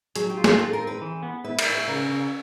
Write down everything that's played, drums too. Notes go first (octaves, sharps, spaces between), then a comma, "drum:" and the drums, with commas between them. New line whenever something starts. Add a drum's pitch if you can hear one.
F#3 G#4, drum: hi-hat
G4
F4
G#4, drum: snare
C4 A4
A#4
C4
B4
E3
B3
E4 B4
A#4, drum: cymbal
E4
B4
C#3 A#4
C#3